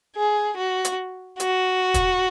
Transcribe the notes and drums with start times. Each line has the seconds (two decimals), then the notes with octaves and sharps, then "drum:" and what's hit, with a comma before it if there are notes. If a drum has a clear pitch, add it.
0.16 G#4
0.57 F#4
0.85 drum: hi-hat
1.40 F#4, drum: hi-hat
1.94 drum: kick, hi-hat